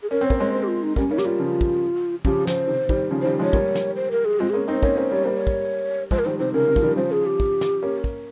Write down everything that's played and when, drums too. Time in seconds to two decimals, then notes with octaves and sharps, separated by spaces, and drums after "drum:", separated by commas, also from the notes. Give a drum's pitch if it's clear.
0.03 G#4
0.10 C#4 A#4
0.21 C4 C#5
0.30 A#3, drum: kick
0.39 G#3 C4 C#5
0.53 C5
0.63 G4
0.68 F4
0.83 D#4
0.96 G3 A#3 C#4, drum: kick
1.11 A#3 C#4 D#4
1.18 G4, drum: snare
1.25 G3 A#3 F4
1.39 C#3 F3
1.61 drum: kick
2.25 C#3 F3 G4, drum: kick
2.47 C5, drum: snare
2.68 C3 D#3
2.89 D#3 G3, drum: kick
3.10 C#3 F3
3.22 D#3 G3 C5
3.39 F3 G#3
3.43 C#5
3.53 G3 A#3, drum: kick
3.75 drum: snare
3.96 C5
4.11 A#4
4.25 G#4
4.40 G#3 C4 F4
4.50 A#3 C#4 G#4
4.68 C4 D#4
4.71 C5
4.83 A#3 C#4 C#5, drum: kick
4.97 A#3 C#4 C5
5.11 G3 A#3 C#5
5.24 G3 A#3 C5
5.37 C#5
5.47 drum: kick
6.11 F3 G#3 C5, drum: kick
6.19 A#4
6.25 D#3 G3 C5
6.39 C3 D#3 C5
6.54 C#3 A#4
6.68 C#3
6.76 F3, drum: kick
6.82 D#3 G3
6.96 C#3 F3 C5
7.12 G#4
7.26 G4
7.40 drum: kick
7.61 drum: snare
7.83 A#3 C#4
8.04 drum: kick